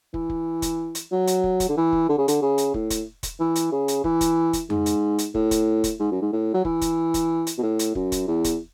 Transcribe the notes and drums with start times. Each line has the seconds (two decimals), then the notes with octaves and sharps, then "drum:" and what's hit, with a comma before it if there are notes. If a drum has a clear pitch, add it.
0.14 E3, drum: kick
0.30 drum: kick
0.62 drum: kick, hi-hat
0.95 drum: hi-hat
1.12 F#3
1.27 drum: hi-hat
1.44 drum: kick
1.60 drum: kick, hi-hat
1.69 D3
1.77 E3
1.93 drum: kick
2.09 D3
2.18 C#3
2.28 D3, drum: hi-hat
2.42 C#3
2.58 drum: hi-hat
2.74 A2, drum: kick
2.90 drum: kick, hi-hat
3.23 drum: kick, hi-hat
3.40 E3
3.55 drum: hi-hat
3.72 C#3
3.88 drum: hi-hat
4.04 E3, drum: kick
4.21 drum: kick, hi-hat
4.53 drum: kick, hi-hat
4.70 G#2, drum: tom F2
4.86 drum: hi-hat
5.18 drum: hi-hat
5.35 A2, drum: kick
5.51 drum: kick, hi-hat
5.84 drum: kick, hi-hat
5.99 G#2
6.11 F#2
6.22 G#2
6.32 A2
6.54 F#3
6.65 E3, drum: kick
6.81 drum: kick, hi-hat
7.14 drum: kick, hi-hat
7.47 drum: hi-hat
7.58 B2
7.63 A2
7.79 drum: hi-hat
7.95 F#2, drum: kick
8.12 drum: kick, hi-hat
8.28 E2
8.44 drum: kick, hi-hat